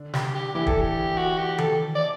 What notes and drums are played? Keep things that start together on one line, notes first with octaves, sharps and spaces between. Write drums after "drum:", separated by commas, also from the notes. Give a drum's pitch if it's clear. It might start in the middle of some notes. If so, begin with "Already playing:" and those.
Already playing: D3 D4
G4, drum: snare
G4
E3 E4 G4
A4, drum: kick
G4
F#4
G4
A4, drum: tom D#3
D5